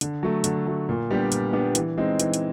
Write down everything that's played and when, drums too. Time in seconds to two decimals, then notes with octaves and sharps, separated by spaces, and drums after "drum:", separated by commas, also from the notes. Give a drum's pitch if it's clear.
0.01 D3, drum: hi-hat
0.23 F#3 A3
0.44 D3, drum: hi-hat
0.67 F#3 A3
0.89 A#2
1.11 G3 B3 D4 G4
1.32 A#2, drum: hi-hat
1.53 G3 B3 D4 G4
1.75 E3, drum: hi-hat
1.98 G#3 C4 D#4
2.19 E3, drum: hi-hat
2.34 drum: hi-hat